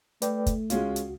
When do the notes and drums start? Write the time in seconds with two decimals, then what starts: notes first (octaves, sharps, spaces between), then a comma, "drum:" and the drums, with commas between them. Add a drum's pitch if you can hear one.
0.22 A3 B4 D5 G5, drum: hi-hat
0.46 drum: kick, hi-hat
0.70 C#2 G#3 C#4 F4 F#4, drum: hi-hat
0.96 drum: hi-hat